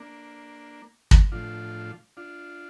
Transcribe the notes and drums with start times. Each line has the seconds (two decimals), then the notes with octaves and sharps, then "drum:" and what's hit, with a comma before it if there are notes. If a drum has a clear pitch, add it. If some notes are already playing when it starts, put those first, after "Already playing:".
Already playing: A#3 D4
1.11 drum: kick
1.32 A2 F3 D4 F4
2.17 D4 F4